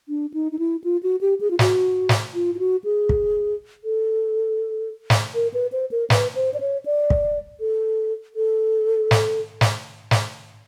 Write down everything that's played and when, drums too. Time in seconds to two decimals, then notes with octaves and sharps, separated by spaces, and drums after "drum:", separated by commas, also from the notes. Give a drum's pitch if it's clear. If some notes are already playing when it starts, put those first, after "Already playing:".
0.09 D4
0.34 D#4
0.52 D#4
0.59 E4
0.84 F4
1.03 F#4
1.21 G4
1.41 G#4
1.51 F4
1.59 F#4, drum: snare
2.09 drum: snare
2.34 F4
2.55 F4
2.59 F#4
2.84 G#4
3.09 drum: kick
3.84 A4
5.10 drum: snare
5.34 A#4
5.54 B4
5.72 C5
5.91 A#4
6.10 B4, drum: snare
6.35 C5
6.54 D5
6.60 C#5
6.86 D5
7.10 drum: kick
7.60 A4
8.36 A4
9.11 drum: snare
9.61 drum: snare
10.11 drum: snare